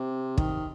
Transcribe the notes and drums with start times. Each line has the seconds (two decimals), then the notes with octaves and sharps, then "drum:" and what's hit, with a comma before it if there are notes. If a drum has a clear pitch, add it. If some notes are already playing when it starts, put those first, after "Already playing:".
Already playing: C3
0.38 D#3, drum: kick